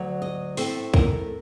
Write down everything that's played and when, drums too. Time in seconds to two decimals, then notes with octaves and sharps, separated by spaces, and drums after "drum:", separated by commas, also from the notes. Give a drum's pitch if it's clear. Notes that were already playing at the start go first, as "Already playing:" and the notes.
Already playing: D2 F#3
0.22 D#5
0.57 A2 A3 C4 C5, drum: open hi-hat
0.94 A#4, drum: kick